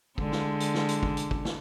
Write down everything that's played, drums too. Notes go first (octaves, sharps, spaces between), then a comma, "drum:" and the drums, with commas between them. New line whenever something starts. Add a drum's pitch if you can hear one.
D3 G#3, drum: kick
drum: snare
drum: hi-hat
drum: snare
drum: hi-hat
drum: kick
drum: hi-hat
drum: kick
drum: snare